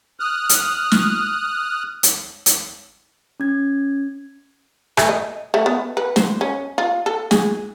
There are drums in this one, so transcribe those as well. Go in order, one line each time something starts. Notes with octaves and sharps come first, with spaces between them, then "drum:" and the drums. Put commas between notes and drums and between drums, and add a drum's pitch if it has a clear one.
D#6 F6 F#6
drum: hi-hat
drum: snare
drum: hi-hat
drum: hi-hat
C#4 G#6
A3, drum: rim click
D#5
A3
B3
B4
C5, drum: snare
C#4
F4
A4
G#4, drum: snare